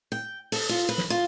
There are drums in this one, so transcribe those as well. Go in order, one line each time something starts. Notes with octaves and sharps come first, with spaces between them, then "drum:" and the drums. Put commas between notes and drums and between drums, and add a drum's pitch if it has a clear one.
G5
A4, drum: open hi-hat
F4
B4
drum: snare
F4